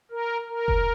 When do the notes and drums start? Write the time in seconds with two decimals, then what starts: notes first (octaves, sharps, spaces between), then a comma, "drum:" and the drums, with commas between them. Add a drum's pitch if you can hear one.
0.11 A#4
0.49 A#4
0.68 drum: kick F1